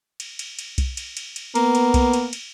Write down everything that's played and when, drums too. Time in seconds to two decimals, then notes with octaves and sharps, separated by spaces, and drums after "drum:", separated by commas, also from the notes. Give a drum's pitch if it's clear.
0.20 drum: cymbal
0.39 drum: cymbal
0.59 drum: cymbal
0.78 drum: kick B1, cymbal
0.97 drum: cymbal
1.17 drum: cymbal
1.36 drum: cymbal
1.55 A#3 B3, drum: cymbal
1.75 drum: cymbal
1.94 drum: kick B1, cymbal
2.13 drum: cymbal
2.33 drum: cymbal